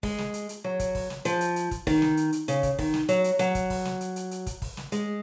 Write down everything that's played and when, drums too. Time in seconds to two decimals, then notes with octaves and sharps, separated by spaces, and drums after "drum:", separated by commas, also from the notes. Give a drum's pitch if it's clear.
0.03 G#3, drum: kick, open hi-hat
0.18 drum: snare
0.34 drum: hi-hat
0.49 drum: hi-hat
0.64 F#3
0.80 drum: kick, hi-hat
0.95 drum: kick, open hi-hat
1.10 drum: snare
1.25 F3, drum: hi-hat
1.41 drum: hi-hat
1.56 drum: hi-hat
1.71 drum: kick, hi-hat
1.87 D#3, drum: kick, open hi-hat
2.02 drum: snare
2.17 drum: hi-hat
2.32 drum: hi-hat
2.48 C#3, drum: hi-hat
2.63 drum: kick, hi-hat
2.79 D#3, drum: kick, open hi-hat
2.94 drum: snare
3.09 F#3, drum: hi-hat
3.24 drum: hi-hat
3.39 F#3, drum: hi-hat
3.55 drum: kick, hi-hat
3.70 drum: kick, open hi-hat
3.85 drum: snare
4.01 drum: hi-hat
4.16 drum: hi-hat
4.31 drum: hi-hat
4.47 drum: kick, hi-hat
4.62 drum: kick, open hi-hat
4.77 drum: snare
4.92 G#3, drum: hi-hat